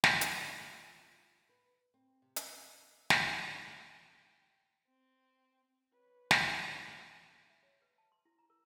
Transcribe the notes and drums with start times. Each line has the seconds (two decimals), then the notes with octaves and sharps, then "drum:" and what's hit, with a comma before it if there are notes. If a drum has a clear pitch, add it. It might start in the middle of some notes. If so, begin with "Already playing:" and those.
0.04 drum: snare
0.21 F4, drum: hi-hat
0.65 F4
1.49 B4
1.94 C4
2.22 C3
2.36 drum: hi-hat
3.10 drum: snare
3.53 G5
4.87 C4
5.92 B4 C#5
6.31 F3, drum: snare
7.50 E5
7.63 C#5
7.82 B4
7.98 A5
8.12 C6
8.25 E4
8.39 A#5
8.50 A#4